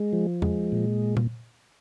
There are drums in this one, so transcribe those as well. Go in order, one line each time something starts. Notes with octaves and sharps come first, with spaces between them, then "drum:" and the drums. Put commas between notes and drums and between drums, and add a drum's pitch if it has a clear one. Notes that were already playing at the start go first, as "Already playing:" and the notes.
Already playing: G#3
F3
G#3, drum: tom E2
A#2
drum: tom